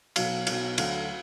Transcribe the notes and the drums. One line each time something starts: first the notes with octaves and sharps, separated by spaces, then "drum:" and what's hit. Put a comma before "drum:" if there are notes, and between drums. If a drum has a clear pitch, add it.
B1 B2 F#3 F5, drum: cymbal
B1 B2 F#3, drum: cymbal
D2 D3 F#3 F5, drum: cymbal